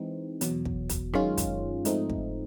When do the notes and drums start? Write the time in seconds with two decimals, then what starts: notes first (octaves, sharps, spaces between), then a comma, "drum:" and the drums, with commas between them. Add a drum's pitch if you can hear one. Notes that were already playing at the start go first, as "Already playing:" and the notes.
Already playing: E3 G#3 C4 D#4
0.41 E2 B2 F#3, drum: hi-hat
0.65 drum: kick
0.89 drum: kick, hi-hat
1.13 F#2 D#3 G#3 C#4 F4, drum: rim click
1.37 drum: kick, hi-hat
1.85 G#2 F3 A3 C4 D#4, drum: hi-hat
2.10 drum: kick